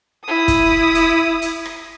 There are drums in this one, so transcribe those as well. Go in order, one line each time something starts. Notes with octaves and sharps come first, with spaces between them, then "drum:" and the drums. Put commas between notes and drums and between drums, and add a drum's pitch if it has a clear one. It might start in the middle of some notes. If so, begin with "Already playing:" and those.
E4 D#6
drum: kick, hi-hat
drum: hi-hat
drum: hi-hat
drum: rim click